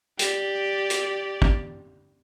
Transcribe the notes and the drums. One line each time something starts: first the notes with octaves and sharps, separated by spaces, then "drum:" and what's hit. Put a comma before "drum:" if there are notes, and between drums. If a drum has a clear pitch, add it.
G4 D5, drum: hi-hat
drum: hi-hat
drum: kick